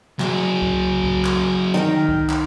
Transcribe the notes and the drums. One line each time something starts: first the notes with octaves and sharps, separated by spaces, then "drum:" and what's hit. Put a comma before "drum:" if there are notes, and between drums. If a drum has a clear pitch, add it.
F#3 G#4, drum: clap
drum: kick C2
drum: kick C2
drum: clap
D#3 A#4 G5
drum: kick C2
drum: clap